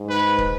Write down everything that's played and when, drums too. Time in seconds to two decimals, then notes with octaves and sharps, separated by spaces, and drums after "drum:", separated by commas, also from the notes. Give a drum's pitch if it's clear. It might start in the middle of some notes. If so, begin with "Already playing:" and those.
Already playing: G#2
0.09 B4
0.38 drum: kick